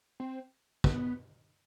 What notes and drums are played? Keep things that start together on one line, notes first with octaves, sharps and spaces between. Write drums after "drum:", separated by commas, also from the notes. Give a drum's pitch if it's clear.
C4
B3, drum: kick